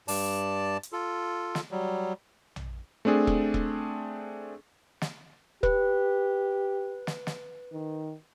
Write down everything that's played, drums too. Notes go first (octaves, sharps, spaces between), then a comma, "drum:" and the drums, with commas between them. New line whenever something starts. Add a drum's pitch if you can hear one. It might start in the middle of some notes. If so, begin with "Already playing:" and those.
G2 D5 A5, drum: open hi-hat
drum: hi-hat
F4 A4
drum: snare
F#3 G3
drum: tom A#1
A3 C4 D4 G#4
drum: kick E1
drum: kick E1
drum: snare
G4 B4, drum: kick E1
drum: snare
drum: snare
D#3